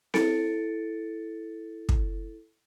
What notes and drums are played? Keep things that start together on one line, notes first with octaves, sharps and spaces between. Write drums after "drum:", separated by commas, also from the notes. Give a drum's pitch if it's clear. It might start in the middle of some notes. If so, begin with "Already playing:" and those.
E4 A4 A6 C#7 D7, drum: snare C4
drum: kick